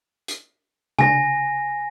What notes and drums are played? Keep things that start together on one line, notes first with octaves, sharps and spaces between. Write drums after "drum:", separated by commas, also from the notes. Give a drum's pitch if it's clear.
drum: hi-hat
G#5 A#6, drum: tom C3